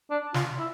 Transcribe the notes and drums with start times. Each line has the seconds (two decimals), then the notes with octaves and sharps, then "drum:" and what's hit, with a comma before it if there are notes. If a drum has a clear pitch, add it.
0.10 D4
0.34 F4, drum: snare
0.59 E4